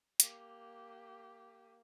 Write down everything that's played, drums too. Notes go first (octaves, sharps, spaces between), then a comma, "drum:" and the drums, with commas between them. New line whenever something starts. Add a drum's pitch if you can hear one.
A#3 G4, drum: hi-hat